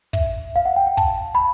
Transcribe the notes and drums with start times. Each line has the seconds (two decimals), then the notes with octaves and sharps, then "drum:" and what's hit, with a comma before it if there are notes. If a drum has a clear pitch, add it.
0.13 E5, drum: kick
0.56 F5
0.65 F#5
0.76 G5
0.87 G5
0.97 A5, drum: kick
1.35 B5